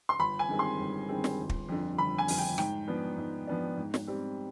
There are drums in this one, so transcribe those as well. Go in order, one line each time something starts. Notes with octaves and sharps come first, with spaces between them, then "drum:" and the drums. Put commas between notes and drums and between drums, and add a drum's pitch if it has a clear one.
C6
G1 B5
G#5
G2 D#3 G#3 C4
C6
G1
G2 D#3 G#3 C4
drum: snare
G1
drum: kick
F2 D3
G1 B5
G#5
F2 D3, drum: open hi-hat
G5
G#2 G5, drum: rim click
F3 B3 D4
G#2
F3 B3 D4
G#2
drum: snare
G3 C4